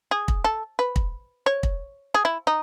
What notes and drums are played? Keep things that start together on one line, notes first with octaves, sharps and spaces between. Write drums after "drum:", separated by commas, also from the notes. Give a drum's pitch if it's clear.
G#4
drum: kick
A4
B4
drum: kick
C#5
drum: kick
G#4
E4
D#4